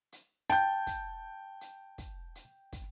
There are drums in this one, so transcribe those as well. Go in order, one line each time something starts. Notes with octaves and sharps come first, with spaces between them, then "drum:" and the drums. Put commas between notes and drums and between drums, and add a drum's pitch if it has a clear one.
drum: hi-hat
G5 A5 G6, drum: hi-hat
drum: kick, hi-hat
drum: hi-hat
drum: kick, hi-hat
drum: hi-hat
drum: kick, hi-hat